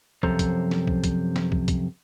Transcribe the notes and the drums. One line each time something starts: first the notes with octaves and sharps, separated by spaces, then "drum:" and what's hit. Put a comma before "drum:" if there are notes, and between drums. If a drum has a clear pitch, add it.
F#2 C3 F3 A4 C5 A#5, drum: kick
drum: kick, hi-hat
drum: snare
drum: kick
drum: kick, hi-hat
drum: snare
drum: kick
drum: kick, hi-hat